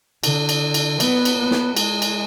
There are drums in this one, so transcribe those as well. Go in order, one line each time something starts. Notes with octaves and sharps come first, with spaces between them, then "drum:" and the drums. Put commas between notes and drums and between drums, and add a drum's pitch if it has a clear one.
D3, drum: cymbal
drum: cymbal
drum: cymbal
B3, drum: cymbal
drum: cymbal
B3
drum: snare
G#3, drum: cymbal
drum: cymbal